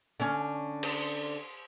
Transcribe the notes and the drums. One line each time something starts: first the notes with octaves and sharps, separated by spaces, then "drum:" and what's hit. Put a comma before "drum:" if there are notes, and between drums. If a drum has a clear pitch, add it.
D3 C#4
drum: cymbal